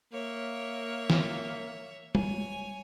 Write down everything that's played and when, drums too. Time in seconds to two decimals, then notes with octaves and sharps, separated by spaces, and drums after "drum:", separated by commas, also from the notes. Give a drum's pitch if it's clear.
0.13 A#3 C#5 E5
1.10 drum: snare
2.15 C#5 G#5, drum: tom G3